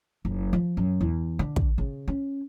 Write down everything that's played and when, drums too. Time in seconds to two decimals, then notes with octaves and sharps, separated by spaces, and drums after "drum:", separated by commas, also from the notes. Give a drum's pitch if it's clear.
0.25 F#1
0.53 F3
0.77 F#2
1.01 E2
1.39 D3
1.56 drum: kick
1.78 C#3
2.08 C#4